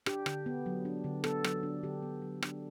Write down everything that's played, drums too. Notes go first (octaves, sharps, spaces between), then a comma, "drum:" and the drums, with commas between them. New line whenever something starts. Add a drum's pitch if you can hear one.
D4 G4, drum: rim click
D3, drum: rim click
B3
F#3
D4
D3
B3 A4, drum: rim click
F#3, drum: rim click
D4
D3 G4
B3
F#3
D4, drum: rim click